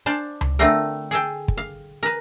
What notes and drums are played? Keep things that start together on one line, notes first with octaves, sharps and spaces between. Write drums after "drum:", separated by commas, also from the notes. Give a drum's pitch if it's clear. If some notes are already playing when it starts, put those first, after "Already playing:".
D4 C5 F5 A5
drum: tom C#2
D3 A3 C4 F4 A#4
G#4 A4 G5
drum: kick
F5
A#4 B4